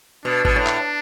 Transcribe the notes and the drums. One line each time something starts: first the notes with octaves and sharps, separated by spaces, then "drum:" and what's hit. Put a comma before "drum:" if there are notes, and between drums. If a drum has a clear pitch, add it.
B2 D4
B2, drum: kick G#1
A2
drum: clap